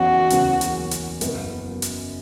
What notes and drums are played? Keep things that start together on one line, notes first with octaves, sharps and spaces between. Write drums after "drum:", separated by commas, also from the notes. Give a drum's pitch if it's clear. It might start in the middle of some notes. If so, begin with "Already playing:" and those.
Already playing: F#1 E2 C#3 F#3 C#4 F#4
F#1 E2 C#3 F#3 C#4, drum: hi-hat
drum: hi-hat
drum: hi-hat
F#1 F#2 F#3 B3, drum: hi-hat
drum: hi-hat